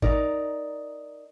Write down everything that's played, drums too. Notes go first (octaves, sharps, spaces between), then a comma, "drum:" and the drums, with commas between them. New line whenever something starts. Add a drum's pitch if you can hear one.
D#4 A#4 D5, drum: kick